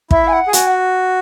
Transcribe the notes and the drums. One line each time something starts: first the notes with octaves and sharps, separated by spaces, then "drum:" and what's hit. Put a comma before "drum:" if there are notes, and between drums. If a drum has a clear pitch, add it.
E4 E5, drum: kick
G#5
F#5
G#4
F#4 G#5, drum: hi-hat
F#5